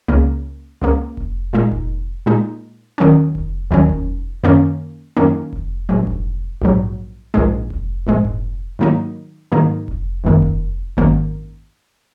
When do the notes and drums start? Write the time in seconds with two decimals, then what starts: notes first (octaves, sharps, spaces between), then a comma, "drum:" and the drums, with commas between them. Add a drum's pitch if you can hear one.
0.08 C#2 C#3 A#3
0.82 C#2 C#3 A#3
1.17 drum: kick F1
1.53 A#2 G#3 D#4
1.72 drum: kick F1
2.26 A#2 G#3 D#4
2.98 D#2 D#3 F#3 C#4
3.35 drum: kick F1
3.71 D#2 D#3 F#3 C#4
3.89 drum: kick F1
4.44 F#2 D#3 A#3 C#4
5.17 F#2 D#3 A#3 C#4
5.53 drum: kick F1
5.89 A#1 G#2 F#3
6.07 drum: kick F1
6.62 A#1 G#2 F#3
7.34 A#1 G#2 G#3
7.70 drum: kick F1
8.07 A#1 G#2 G#3
8.25 drum: kick F1
8.79 G#2 D#3 F#3 A#3 D#4
9.52 G#2 D#3 F#3 A#3 D#4
9.88 drum: kick F1
10.24 G#1 F#2 D#3 A#3
10.42 drum: kick F1
10.97 G#1 F#2 D#3 A#3